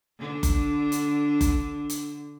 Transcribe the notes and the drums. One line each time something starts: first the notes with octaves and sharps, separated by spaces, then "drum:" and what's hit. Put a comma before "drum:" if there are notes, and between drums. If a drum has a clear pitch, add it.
D3 D4
drum: kick F#1, hi-hat
drum: hi-hat
drum: kick F#1, hi-hat
drum: hi-hat